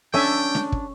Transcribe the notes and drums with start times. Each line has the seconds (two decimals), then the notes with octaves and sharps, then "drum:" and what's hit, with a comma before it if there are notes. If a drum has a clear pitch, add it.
0.14 C#4 D4 A4 E5 G5 G#5
0.55 drum: snare
0.72 drum: kick